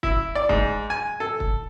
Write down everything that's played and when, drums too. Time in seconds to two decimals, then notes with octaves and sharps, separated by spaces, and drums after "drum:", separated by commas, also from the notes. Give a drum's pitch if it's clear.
0.03 E4, drum: kick
0.35 D5
0.49 G#2, drum: kick
0.90 G#5
1.20 A4
1.40 drum: kick